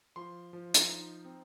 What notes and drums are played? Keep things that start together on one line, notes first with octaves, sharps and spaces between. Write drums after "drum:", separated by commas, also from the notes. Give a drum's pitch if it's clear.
F3 C6
F3
drum: hi-hat
D#4
C4